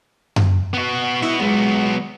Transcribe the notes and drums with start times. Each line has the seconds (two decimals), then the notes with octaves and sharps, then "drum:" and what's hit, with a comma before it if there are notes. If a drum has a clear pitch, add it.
0.36 drum: tom F#2
0.74 B3 F#4
1.22 B3 E4 F#4
1.40 C#2 F#3 B3